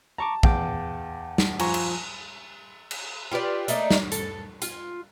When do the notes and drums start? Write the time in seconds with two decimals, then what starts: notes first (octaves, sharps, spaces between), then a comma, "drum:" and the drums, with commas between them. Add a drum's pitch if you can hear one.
0.18 A5 A#5 C#6 D6
0.43 E2 F5 G5 D6, drum: kick A#1
1.38 drum: snare
1.59 F3 F4 G#5 A#5 C#6, drum: cymbal
1.74 drum: cymbal
2.91 drum: cymbal
3.32 F4 G4 B4 D5
3.68 A3 A#3 D#4 D5, drum: hi-hat
3.91 drum: snare
4.12 A4, drum: hi-hat
4.62 F4, drum: hi-hat